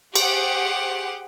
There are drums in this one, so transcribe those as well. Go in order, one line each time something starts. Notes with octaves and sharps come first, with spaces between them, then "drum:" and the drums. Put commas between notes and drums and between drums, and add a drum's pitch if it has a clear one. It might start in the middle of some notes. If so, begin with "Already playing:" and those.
G4 G#4 C5 F#5, drum: cymbal